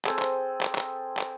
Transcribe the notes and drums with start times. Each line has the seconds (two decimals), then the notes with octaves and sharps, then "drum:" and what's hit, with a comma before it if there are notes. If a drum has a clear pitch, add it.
0.05 C4 G#4 A4 C5, drum: clap
0.19 drum: clap
0.61 drum: clap
0.75 drum: clap
1.17 drum: clap